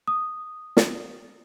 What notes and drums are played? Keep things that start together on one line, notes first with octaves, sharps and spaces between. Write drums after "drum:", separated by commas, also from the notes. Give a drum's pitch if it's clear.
D#6
drum: snare